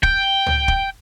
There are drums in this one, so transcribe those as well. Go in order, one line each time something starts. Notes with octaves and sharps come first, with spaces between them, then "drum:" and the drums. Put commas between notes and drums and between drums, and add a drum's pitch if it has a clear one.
G5, drum: kick
drum: tom
drum: kick